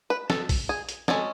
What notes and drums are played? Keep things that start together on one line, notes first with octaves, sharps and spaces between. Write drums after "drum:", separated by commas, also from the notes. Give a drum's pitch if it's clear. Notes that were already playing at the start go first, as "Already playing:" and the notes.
B4
A4, drum: snare
drum: kick A#1, open hi-hat
G#4
drum: hi-hat
G#3 C#4 A4, drum: snare